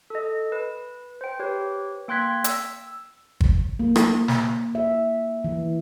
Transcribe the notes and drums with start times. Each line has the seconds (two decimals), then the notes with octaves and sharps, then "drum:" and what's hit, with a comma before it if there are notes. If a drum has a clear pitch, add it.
0.10 A4 D#5
0.52 B4
1.21 C5 G5
1.39 G4 B4 C#5
2.08 A#3 G5 C6 F#6 G#6 B6
2.44 E6, drum: hi-hat
3.41 drum: kick
3.80 A#3
3.96 drum: rim click
4.28 drum: snare
4.75 E5
5.44 E3